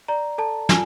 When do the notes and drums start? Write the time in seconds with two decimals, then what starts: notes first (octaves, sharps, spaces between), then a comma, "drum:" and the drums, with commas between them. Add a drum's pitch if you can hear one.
0.08 D5 A#5
0.38 A4 A5
0.69 F4 G#5, drum: snare